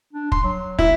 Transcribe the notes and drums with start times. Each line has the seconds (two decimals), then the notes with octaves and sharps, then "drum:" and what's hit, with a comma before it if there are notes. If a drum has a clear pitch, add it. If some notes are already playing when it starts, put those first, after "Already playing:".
0.13 D4
0.32 C6, drum: kick
0.44 F#3
0.79 E4, drum: kick